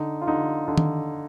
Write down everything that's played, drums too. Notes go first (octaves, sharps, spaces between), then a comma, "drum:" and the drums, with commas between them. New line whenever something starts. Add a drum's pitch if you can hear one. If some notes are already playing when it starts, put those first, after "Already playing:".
Already playing: D3 D#4
F4
D3 D#4
D3
drum: tom D#3